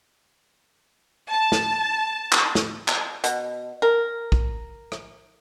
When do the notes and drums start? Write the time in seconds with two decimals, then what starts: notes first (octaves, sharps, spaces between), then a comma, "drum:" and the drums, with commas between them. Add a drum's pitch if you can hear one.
1.30 A5
1.52 drum: snare
2.32 drum: clap
2.55 drum: snare
2.88 drum: clap
3.24 B2, drum: hi-hat
3.82 A#4
4.32 drum: kick
4.92 drum: rim click